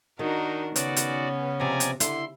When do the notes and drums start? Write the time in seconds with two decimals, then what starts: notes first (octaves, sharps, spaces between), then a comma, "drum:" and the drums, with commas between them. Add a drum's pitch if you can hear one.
0.19 D#3 D4 D#4 F#4 A#4
0.76 C#3 B3 C#4 F#4 D5, drum: hi-hat
0.96 drum: hi-hat
1.60 C3 F3 D5 G#5 A#5
1.80 drum: hi-hat
2.00 D3 E4 C6, drum: hi-hat